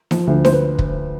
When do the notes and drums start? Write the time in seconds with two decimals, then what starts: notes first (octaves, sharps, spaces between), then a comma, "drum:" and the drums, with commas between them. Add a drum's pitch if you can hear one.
0.11 F3, drum: snare D#4
0.27 D2
0.45 C5, drum: snare D#4
0.53 B4
0.79 drum: kick